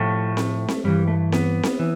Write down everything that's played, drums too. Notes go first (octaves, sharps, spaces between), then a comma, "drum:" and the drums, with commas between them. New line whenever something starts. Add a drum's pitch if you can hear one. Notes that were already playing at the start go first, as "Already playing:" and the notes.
Already playing: A2 F3 A3
drum: snare C4
drum: snare C4
G2 E3 G3
A3
B3, drum: snare C4
drum: snare C4
E3